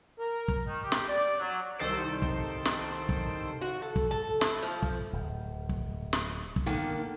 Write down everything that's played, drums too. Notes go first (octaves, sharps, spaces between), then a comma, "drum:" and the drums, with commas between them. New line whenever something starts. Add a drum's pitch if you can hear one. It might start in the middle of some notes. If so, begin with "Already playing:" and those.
A#4
drum: kick
D#3
G4
drum: snare
D5
F#3
C2 D#3 A4 C5 D7
drum: kick
drum: snare
drum: kick
F#4
A4
drum: kick
A4
E4, drum: snare
F3
drum: kick
D1
drum: kick
drum: snare
drum: kick
D3 D#3 A#3